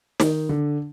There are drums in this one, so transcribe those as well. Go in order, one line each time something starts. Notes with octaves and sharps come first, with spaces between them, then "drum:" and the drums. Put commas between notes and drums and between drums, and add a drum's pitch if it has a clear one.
D#3, drum: snare
D3